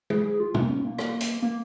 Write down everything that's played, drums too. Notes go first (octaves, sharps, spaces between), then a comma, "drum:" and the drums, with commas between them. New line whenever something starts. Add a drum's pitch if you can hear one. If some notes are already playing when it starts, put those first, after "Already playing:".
G#4, drum: tom
G#4
F4
D#4, drum: tom
A#3
C#4
A#3
drum: rim click
drum: hi-hat
A#3